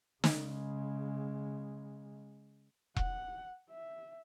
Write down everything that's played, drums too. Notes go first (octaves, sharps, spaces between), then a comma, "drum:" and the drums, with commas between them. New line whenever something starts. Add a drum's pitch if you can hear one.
C#3 G#3, drum: snare
F#5, drum: kick E1
E5